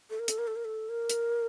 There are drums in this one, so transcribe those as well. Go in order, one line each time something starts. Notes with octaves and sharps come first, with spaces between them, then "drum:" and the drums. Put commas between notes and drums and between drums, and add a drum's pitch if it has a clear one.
A4
A#4
A4, drum: hi-hat
A#4
A4
A#4
A4
A#4
drum: hi-hat